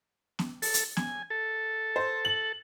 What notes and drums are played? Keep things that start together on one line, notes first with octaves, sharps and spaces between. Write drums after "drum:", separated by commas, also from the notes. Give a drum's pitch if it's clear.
drum: snare B3
A4, drum: open hi-hat
drum: hi-hat
G#5, drum: snare B3
A4
C5
F#7